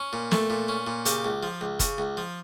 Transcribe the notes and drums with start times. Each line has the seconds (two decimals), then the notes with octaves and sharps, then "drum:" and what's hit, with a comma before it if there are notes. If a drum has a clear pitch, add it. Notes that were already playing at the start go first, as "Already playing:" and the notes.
Already playing: C#4
0.13 A#2
0.32 A3, drum: snare
0.50 A#2
0.68 C#4
0.87 A#2
1.06 C#3 G4, drum: hi-hat
1.25 C#2
1.43 F3
1.61 C#2
1.80 C#3, drum: kick F#1, hi-hat
1.98 C#2
2.17 F3